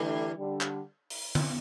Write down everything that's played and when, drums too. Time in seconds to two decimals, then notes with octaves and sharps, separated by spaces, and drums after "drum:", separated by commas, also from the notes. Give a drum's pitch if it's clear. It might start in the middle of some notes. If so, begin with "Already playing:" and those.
Already playing: D3 E3 G3 A3
0.36 D3 G3
0.61 drum: clap
1.10 drum: open hi-hat
1.35 drum: tom D3